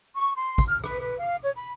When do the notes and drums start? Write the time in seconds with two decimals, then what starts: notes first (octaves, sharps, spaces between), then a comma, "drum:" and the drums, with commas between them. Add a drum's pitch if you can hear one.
0.15 C#6
0.38 C6
0.58 drum: kick, tambourine
0.67 F6
0.84 B4, drum: rim click
1.01 B4
1.18 F5
1.43 C#5
1.54 B5